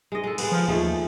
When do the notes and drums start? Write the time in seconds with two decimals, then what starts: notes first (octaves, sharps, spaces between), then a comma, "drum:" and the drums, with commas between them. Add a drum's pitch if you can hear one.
0.12 G#3 D#5
0.24 G#3 A4
0.38 G#3 B3, drum: cymbal
0.52 F3
0.68 D#2 F3 A3 G#4